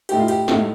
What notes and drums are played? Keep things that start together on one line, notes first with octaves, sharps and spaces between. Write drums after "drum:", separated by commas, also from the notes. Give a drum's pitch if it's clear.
A2 A3 D#4 G4, drum: cymbal
F4
G4, drum: cymbal
A2 A3 D#4, drum: snare